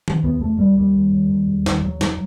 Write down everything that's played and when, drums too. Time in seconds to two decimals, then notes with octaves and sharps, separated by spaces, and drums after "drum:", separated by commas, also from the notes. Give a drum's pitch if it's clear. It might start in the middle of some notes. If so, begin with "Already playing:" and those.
0.08 drum: tom D#3
0.23 D#2 B3
0.41 E1 A3
0.59 D#2 G3
0.77 D#2 G3
0.95 D#2
1.12 D#2
1.30 D#2
1.47 E1
1.66 D#2, drum: snare
1.83 D#2 F#3
2.01 E1 F#3, drum: snare